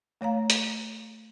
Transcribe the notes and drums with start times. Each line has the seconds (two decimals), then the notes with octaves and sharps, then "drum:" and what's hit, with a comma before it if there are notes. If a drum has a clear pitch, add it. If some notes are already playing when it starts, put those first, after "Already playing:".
0.21 A3 C#5 F5 A#5
0.50 drum: hi-hat